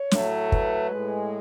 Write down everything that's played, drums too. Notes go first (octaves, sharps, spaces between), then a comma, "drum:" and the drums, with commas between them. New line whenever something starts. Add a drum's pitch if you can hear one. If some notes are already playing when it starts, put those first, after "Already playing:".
Already playing: C#5
A2 F#3 A3, drum: snare
B4, drum: kick
A2 G#3